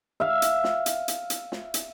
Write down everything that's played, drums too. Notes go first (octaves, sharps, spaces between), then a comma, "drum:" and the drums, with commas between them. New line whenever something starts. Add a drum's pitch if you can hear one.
E5 F5
drum: hi-hat
drum: snare
drum: hi-hat
drum: hi-hat
drum: hi-hat
drum: snare
drum: hi-hat